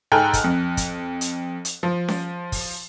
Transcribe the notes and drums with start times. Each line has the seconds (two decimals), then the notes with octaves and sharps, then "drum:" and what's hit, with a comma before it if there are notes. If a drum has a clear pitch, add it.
0.12 G#2 A4 G5 G#5 F6 F#6
0.33 drum: kick, hi-hat
0.44 F2
0.77 drum: kick, hi-hat
1.21 drum: hi-hat
1.65 drum: hi-hat
1.83 F3
2.08 drum: snare C#4
2.52 drum: kick, open hi-hat